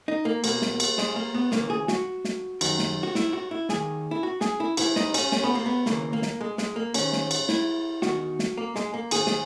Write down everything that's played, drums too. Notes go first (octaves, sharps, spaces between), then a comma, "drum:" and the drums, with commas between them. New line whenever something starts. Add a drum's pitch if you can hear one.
D#4
A#3
E2 B2 A#3, drum: cymbal
drum: snare
drum: cymbal
G#3, drum: snare
A#3
B3
D#2 C#3 E3 A#3, drum: snare
G#4
F#4, drum: snare
drum: snare
F#2 D#3, drum: cymbal
drum: snare
F#4
E4, drum: snare
F#4
E4
D#2 D#3 G#4, drum: snare
E4
F#4
G#4, drum: snare
E4
G#2 E3 E4, drum: cymbal
D#4, drum: snare
C#4, drum: cymbal
C#4, drum: snare
B3
A#3
B3
D#2 C#3 E3 A#3, drum: snare
A#3
drum: snare
G#3
G#3, drum: snare
A#3
G#2 D#3 C#4, drum: cymbal
drum: snare
drum: cymbal
E4, drum: snare
E2 D#3 F#4, drum: snare
drum: snare
A#3
G#3, drum: snare
A#3
G#2 D#3 G#4, drum: cymbal
G#4, drum: snare